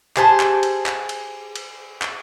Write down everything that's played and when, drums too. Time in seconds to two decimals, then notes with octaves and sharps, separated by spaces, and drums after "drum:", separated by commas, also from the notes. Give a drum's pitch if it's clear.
0.17 G4 G#4 C5 A5, drum: clap
0.40 drum: clap
0.63 drum: cymbal
0.86 drum: clap
1.09 drum: cymbal
1.56 drum: cymbal
2.02 drum: clap